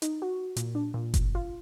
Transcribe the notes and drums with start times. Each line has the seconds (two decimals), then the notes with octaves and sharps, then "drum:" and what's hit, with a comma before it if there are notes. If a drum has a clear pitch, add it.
0.02 D#4, drum: hi-hat
0.22 F#4
0.56 A#2, drum: hi-hat
0.75 D4
0.94 A#2
1.14 A1, drum: kick F#1, hi-hat
1.35 F4